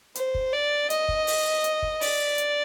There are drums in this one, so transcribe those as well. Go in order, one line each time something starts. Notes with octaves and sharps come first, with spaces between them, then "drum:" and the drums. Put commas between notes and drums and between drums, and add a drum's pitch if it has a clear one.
C5, drum: hi-hat
drum: kick
D5
D#5, drum: hi-hat
drum: kick
drum: open hi-hat
drum: hi-hat
drum: kick
D5, drum: open hi-hat
drum: hi-hat